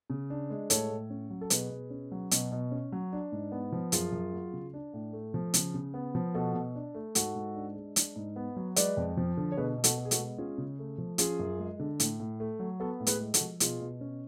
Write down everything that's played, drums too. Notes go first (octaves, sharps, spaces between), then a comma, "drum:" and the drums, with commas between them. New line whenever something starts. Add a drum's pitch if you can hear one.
C#3
D4
G#3
A2 A4 C#5, drum: hi-hat
A2
C#4
F#3
A4
B2 G#4 B4, drum: hi-hat
B2
C#4
F#3
B2, drum: hi-hat
B2
C#4
F#3
D4
G#2
B3
F3
F#2 F4 G#4, drum: hi-hat
F#2
F#3
C#3
D4
A2
A3
F3
C#3, drum: hi-hat
C#3
B3
F3
B2 F#4 A4
B2
D4
A3
G#2 F#4 A4, drum: hi-hat
G#2
D4
G#3
D4, drum: hi-hat
G#2
B3
F#3
G#3 B4 D5, drum: hi-hat
F2
F3
D3
C#5
B2 G#4 B4
B2
F#4 A4, drum: hi-hat
B3
G#4
F#4 A4, drum: hi-hat
G#3
C#4 F4 G#4
C#3
A3
F3
C#4 F4 G#4, drum: hi-hat
F#2
G#3
D3
A2, drum: hi-hat
A2
A3
F#3
B3 F#4 A4
A2
G#4 B4, drum: hi-hat
G#3
F#4 A4, drum: hi-hat
F3
B2 F4 G#4, drum: hi-hat
B2
C#4